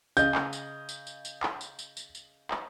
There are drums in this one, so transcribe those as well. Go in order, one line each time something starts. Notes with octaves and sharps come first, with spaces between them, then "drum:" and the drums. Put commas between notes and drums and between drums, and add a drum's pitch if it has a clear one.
C#3 D#5 G6, drum: tambourine
drum: clap
drum: tambourine
drum: tambourine
drum: tambourine
drum: tambourine
drum: clap
drum: tambourine
drum: tambourine
drum: tambourine
drum: tambourine
drum: clap